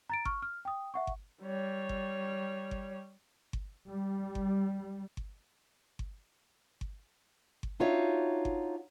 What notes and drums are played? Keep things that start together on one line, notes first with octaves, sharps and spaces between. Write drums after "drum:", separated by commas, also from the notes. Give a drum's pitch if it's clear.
A#5 A6 D7
C#6 F6, drum: kick G1
F6
G5 D#6
E5 F#5 C#6
drum: kick G1
G3 C#5
drum: kick G1
drum: kick G1
drum: kick G1
G3
drum: kick G1
drum: kick G1
drum: kick G1
drum: kick G1
drum: kick G1
D4 D#4 F4 F#4 C#5 E5
drum: kick G1